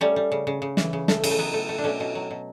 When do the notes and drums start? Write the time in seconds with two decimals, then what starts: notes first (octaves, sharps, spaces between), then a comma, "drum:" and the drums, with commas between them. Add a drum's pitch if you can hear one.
0.01 G3 A3 C#4
0.16 G3
0.32 C#3
0.47 C#3
0.62 C#3
0.77 E3, drum: snare
0.93 C#3
1.08 A3, drum: snare
1.24 C#3, drum: cymbal
1.31 A3
1.38 F#3 B3
1.54 A3
1.69 A3
1.78 D4
1.84 B2 A3 C#4
2.00 B2
2.15 F#3
2.31 B2